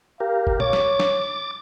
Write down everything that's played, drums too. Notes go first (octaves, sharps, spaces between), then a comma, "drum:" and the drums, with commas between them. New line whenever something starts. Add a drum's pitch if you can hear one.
G4 A#4 F5
drum: kick
C#5 D6 A6, drum: tom A#2
drum: snare
drum: snare